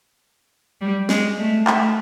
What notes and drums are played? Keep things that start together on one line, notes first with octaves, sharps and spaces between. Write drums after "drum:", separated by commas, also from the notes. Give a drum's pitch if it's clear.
G3
G#3, drum: snare
A3
A3, drum: clap